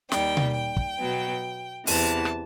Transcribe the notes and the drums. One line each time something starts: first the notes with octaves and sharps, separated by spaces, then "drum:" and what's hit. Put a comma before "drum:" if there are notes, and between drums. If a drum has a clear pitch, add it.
D#2 D#3 G3 G5, drum: snare
drum: tom B2
G5
drum: kick
B2 F#3 B3
E2 C3 E3 A5, drum: open hi-hat
drum: rim click